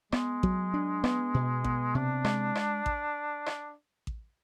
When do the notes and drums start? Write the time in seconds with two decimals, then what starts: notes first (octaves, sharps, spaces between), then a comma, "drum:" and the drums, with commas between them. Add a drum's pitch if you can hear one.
0.12 G#3 B3, drum: rim click
0.43 F#3, drum: kick A1
0.74 D4
1.04 B3, drum: rim click
1.34 B2
1.64 B3, drum: kick A1
1.95 C3 D4
2.25 G#3, drum: rim click
2.55 drum: rim click
2.86 drum: kick A1
3.46 drum: rim click
4.07 drum: kick A1